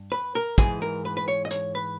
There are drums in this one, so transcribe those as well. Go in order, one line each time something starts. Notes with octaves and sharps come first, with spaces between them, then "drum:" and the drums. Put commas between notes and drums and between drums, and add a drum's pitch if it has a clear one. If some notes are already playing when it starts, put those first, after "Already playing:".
Already playing: G2
B4
A#4
G#2 E3 G#3 G#4, drum: kick, hi-hat
A#4
B4
B4
C#5
D#5
C#5, drum: hi-hat
B4